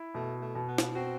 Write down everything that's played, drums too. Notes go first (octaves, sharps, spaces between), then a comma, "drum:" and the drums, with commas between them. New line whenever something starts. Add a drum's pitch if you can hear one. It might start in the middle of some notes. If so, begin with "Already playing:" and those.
Already playing: E4
B2 A3
A3
B2
B3
drum: snare
C4 F#4